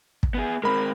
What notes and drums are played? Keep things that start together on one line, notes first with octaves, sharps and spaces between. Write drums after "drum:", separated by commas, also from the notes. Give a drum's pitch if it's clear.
drum: kick
B3 G#4
G#3 C4 A#4 B5